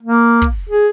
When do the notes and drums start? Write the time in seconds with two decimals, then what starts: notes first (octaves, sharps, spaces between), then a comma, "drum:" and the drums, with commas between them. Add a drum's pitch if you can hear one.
0.03 A#3
0.42 drum: kick
0.69 G#4